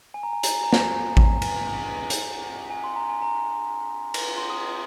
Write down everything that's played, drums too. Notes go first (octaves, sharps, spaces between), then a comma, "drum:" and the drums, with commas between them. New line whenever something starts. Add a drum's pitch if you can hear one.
G#5
A#5
G#5
A#5, drum: hi-hat
G#5
A#5
G#5, drum: snare
A#5, drum: kick A1
G#5, drum: cymbal
drum: hi-hat
G#5
C6
A#5
G#5
A#5
drum: cymbal
C6
D#6